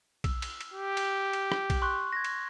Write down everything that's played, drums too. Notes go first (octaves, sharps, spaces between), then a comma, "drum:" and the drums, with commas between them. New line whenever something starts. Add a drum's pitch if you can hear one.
E6, drum: kick B1, cymbal
drum: cymbal
drum: cymbal
G4
drum: cymbal
drum: cymbal
drum: rim click
drum: kick B1, cymbal
C6 C#6 F#6
G#6 A#6
drum: cymbal